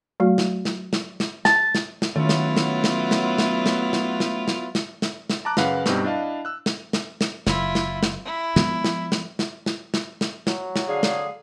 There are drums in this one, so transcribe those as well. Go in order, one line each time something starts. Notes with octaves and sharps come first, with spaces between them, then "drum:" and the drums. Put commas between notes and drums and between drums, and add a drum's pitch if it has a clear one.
F#3 A3 F#4
drum: snare
drum: snare
drum: snare
drum: snare
A5, drum: snare
drum: snare
drum: snare
D#3 F#3 A3 B3 C#4 E4 F4
drum: snare
drum: snare
drum: snare
drum: snare
drum: snare
drum: snare
drum: snare
drum: snare
drum: snare
drum: snare
drum: snare
drum: snare
A5 A#5 D6 F#6
F#2 C#3 B4 F5 F#5 F#6, drum: snare
G2 B2 G3 C4 D#4 G4, drum: snare
D4 E4 D#5 F5 A5
E6 F#6
drum: snare
drum: snare
drum: snare
F#1 E4 F4, drum: snare
drum: snare
drum: snare
E4
F3 G#3 B3, drum: snare
drum: snare
drum: snare
drum: snare
drum: snare
drum: snare
drum: snare
F#3, drum: snare
drum: snare
D3 G#4 F5
drum: snare